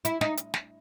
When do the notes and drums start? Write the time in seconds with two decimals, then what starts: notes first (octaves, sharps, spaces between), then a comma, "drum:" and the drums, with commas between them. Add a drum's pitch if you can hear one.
0.05 E4, drum: hi-hat
0.21 D#4, drum: snare
0.37 drum: hi-hat
0.54 drum: snare